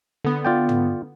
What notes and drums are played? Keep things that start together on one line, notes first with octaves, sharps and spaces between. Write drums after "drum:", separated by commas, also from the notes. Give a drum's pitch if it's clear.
D3 B3
F4 D5 G5
drum: tom